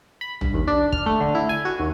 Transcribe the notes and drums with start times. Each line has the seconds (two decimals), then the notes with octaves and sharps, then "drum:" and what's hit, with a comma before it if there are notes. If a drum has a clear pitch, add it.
0.21 B5
0.41 G2, drum: tom A1
0.54 D#2
0.67 D4
0.92 F6, drum: kick
1.06 A3
1.20 D3
1.35 E4
1.49 G#5
1.65 F#4
1.80 D#2